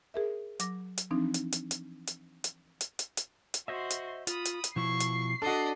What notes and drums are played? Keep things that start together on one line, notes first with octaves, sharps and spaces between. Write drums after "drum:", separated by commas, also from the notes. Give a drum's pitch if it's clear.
G#4 A#4 E5
F#3 D6 A#6, drum: hi-hat
drum: hi-hat
E3 F3 C4 D4 D#4
drum: hi-hat
drum: hi-hat
drum: hi-hat
drum: hi-hat
drum: hi-hat
drum: hi-hat
drum: hi-hat
drum: hi-hat
drum: hi-hat
F#4 C5 D#5 E5 C6
drum: hi-hat
F4 B5 D#6, drum: hi-hat
drum: hi-hat
drum: hi-hat
B2 F3 E4 C#6 C7
drum: hi-hat
D4 F#4 A4 D5 D#5